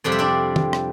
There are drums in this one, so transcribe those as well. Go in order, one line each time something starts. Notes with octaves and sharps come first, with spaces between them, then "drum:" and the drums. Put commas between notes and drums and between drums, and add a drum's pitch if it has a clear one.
F2 C3 G3 D5
E5
D4 D5
drum: tom
drum: rim click